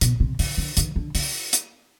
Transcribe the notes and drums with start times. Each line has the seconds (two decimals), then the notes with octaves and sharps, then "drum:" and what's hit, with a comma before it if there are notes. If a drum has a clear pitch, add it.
0.01 B2, drum: hi-hat
0.20 C3
0.39 C#3, drum: open hi-hat
0.58 D3
0.77 D#3, drum: hi-hat
0.96 D3
1.15 C#3, drum: open hi-hat
1.53 drum: hi-hat